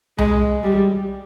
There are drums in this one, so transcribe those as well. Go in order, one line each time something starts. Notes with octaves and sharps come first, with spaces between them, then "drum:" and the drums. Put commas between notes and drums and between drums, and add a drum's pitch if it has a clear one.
G#3, drum: tom C2
G3